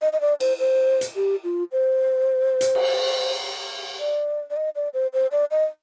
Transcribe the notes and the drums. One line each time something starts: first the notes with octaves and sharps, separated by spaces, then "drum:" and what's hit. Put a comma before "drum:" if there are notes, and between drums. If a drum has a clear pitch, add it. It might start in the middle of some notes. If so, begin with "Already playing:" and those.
D#5
D#5
D5
C5, drum: cymbal
C5
drum: hi-hat
G4
F4
C5
drum: hi-hat
drum: cymbal
D5
D5
D#5
D5
C5
C5
D5
D#5